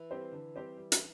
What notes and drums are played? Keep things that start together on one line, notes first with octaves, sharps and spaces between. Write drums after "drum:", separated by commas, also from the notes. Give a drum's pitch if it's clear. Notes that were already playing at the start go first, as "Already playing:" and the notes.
Already playing: E3
G3 C4 G4 C5
D3
G3 C4 G4 C5
G3
drum: hi-hat